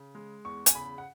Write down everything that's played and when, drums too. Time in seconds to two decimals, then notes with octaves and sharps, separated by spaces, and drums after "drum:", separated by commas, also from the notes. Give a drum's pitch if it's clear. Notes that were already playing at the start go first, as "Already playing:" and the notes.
Already playing: C#3
0.15 G#3
0.45 E2 C#6
0.66 G#5, drum: hi-hat
0.75 C#3 B5
0.98 F#5